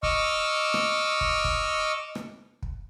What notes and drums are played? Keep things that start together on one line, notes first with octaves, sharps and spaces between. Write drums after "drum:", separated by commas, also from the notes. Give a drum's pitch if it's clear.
D#5 C#6 D6 E6 F6, drum: kick
drum: rim click
drum: kick
drum: kick
drum: rim click
drum: kick